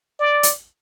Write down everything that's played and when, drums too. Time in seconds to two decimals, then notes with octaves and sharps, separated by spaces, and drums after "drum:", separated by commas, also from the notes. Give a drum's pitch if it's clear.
0.20 D5
0.43 drum: hi-hat